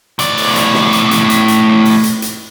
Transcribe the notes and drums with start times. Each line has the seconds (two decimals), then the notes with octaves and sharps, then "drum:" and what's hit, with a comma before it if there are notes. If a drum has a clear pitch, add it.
0.19 A2 D5, drum: hi-hat
0.37 drum: open hi-hat
0.56 drum: hi-hat
0.74 drum: snare
0.93 drum: hi-hat
1.11 drum: hi-hat
1.30 drum: hi-hat
1.48 drum: hi-hat
1.85 drum: open hi-hat
2.04 drum: hi-hat
2.22 drum: hi-hat